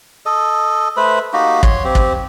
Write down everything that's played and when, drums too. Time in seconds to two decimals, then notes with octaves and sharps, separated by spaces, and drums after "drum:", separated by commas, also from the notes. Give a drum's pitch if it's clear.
0.26 A4 D#5
0.97 A3 B4 C5 B5
1.33 A#3 D#4 F#4 G4
1.63 C#5 C6, drum: kick
1.85 C4 G4
1.95 drum: kick